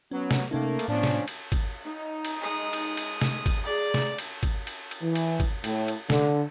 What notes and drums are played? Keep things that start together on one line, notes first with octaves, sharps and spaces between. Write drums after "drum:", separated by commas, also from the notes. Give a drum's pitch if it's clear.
F#3 B3 C#4
drum: snare
C3 A3 A#3 C#4 D#4
drum: cymbal
A2 F3 B3 C#4 D4
drum: snare
drum: cymbal
drum: kick, cymbal
D#4
drum: cymbal
G#3 D#6
drum: cymbal
drum: cymbal
drum: snare
drum: kick, cymbal
G#4 D5 A#5
drum: snare
drum: cymbal
drum: kick, cymbal
drum: cymbal
drum: cymbal
E3
drum: cymbal
drum: kick, cymbal
A2, drum: cymbal
drum: cymbal
D3, drum: snare